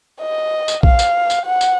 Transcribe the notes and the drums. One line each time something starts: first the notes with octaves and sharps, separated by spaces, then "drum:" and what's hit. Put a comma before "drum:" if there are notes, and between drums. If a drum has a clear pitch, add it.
D#5
drum: tambourine
F5, drum: kick A#1
drum: tambourine
drum: tambourine
F#5
drum: tambourine